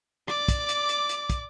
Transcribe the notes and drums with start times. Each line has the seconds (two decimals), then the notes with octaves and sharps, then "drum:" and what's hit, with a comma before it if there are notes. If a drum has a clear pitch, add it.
0.28 D5 D6, drum: rim click
0.48 drum: kick, hi-hat
0.69 drum: hi-hat
0.89 drum: hi-hat
1.09 drum: hi-hat
1.30 drum: kick, hi-hat